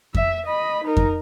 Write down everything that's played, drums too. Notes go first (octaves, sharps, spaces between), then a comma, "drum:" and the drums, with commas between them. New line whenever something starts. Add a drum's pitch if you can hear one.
E5, drum: kick F2
D#5 B5
D#4 A#4
drum: kick F2